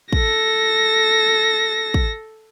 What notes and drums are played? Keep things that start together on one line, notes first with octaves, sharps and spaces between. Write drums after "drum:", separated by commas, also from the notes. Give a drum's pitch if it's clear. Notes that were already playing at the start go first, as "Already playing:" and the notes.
A4 A#6, drum: kick
drum: kick